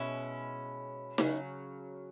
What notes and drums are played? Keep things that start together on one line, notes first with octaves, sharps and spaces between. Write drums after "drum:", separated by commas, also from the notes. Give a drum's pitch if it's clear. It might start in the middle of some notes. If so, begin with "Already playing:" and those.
Already playing: B2 G#3 C#4 E4
C#3 F#3, drum: snare D#4